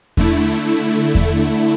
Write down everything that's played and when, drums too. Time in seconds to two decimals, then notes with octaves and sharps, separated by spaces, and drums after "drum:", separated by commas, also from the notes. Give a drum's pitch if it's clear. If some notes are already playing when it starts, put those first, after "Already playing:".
0.17 D3 A3 E4, drum: kick E2
1.15 drum: kick E2